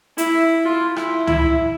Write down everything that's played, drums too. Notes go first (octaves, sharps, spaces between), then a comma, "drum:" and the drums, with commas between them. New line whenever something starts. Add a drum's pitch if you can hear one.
E4, drum: hi-hat
F4
E4, drum: rim click
E4, drum: tom